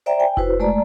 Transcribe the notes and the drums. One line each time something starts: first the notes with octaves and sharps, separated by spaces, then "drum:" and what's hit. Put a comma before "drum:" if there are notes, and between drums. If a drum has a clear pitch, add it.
C5 D5 E5 G5 A#5
G5 G#5
E4 F#4 B4 C5, drum: kick F1
G#3 A3 D5 A5 A#5